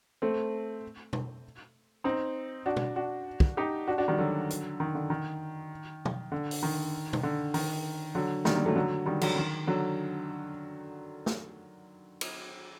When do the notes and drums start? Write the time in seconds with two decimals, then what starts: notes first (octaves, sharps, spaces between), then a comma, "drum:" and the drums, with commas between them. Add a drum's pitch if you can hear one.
0.22 A3 C4
1.13 drum: tom
2.04 C4 D#4
2.66 D4 F#4
2.77 drum: tom
2.96 D4 F#4
3.40 drum: kick
3.57 D#4 G4
3.88 D4 F#4
3.98 D4 F#4
4.08 D#3 G3
4.18 D3 F#3
4.50 drum: hi-hat
4.80 D#3
4.95 D3
5.10 D#3
6.05 drum: tom
6.32 D3
6.51 drum: open hi-hat
6.63 D#3
7.13 drum: tom
7.23 D3
7.54 D#3, drum: open hi-hat
8.15 D3 F#3
8.45 D#3 G3, drum: snare
8.55 G3 A#3
8.66 F#3 A3
8.76 D3 F#3
9.06 D#3 G3
9.21 D3 F#3, drum: cymbal
9.36 D#3
9.67 D3 F#3
11.26 drum: snare
12.21 drum: cymbal